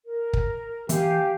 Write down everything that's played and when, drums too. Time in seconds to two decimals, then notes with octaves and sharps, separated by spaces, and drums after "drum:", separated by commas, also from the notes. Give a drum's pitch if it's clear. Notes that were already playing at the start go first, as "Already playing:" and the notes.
0.05 A#4
0.33 drum: kick
0.89 E3 A#3 G4 E5 F5 G#5, drum: hi-hat